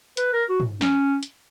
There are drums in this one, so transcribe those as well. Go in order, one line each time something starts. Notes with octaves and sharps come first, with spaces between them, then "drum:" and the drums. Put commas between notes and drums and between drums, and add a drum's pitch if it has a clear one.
B4, drum: hi-hat
A#4
F#4
drum: tom
C#4, drum: snare
drum: hi-hat